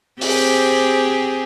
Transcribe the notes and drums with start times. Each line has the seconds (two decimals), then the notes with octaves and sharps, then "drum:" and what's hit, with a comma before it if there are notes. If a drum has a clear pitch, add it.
0.21 C4 G4 G#4, drum: open hi-hat